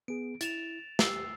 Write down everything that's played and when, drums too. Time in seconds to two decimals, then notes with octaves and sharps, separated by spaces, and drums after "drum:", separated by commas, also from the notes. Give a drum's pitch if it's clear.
0.08 B3 G#4 D7
0.41 E4 A6 E7 F7, drum: hi-hat
0.99 G4 E6 C7, drum: snare